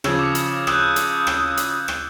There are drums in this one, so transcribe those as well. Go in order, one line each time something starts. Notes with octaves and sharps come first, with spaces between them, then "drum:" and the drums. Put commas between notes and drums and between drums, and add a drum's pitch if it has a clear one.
C#3 F3 E6 G#6, drum: rim click
D6 D#6 C#7
drum: hi-hat
D#6 E6 F#6 G6, drum: rim click
drum: hi-hat
drum: rim click
drum: hi-hat
drum: rim click